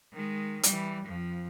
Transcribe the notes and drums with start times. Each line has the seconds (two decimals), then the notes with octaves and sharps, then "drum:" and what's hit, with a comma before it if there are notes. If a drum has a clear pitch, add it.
0.12 D#3 G#3
0.63 E3 G3, drum: hi-hat
1.04 F2 F3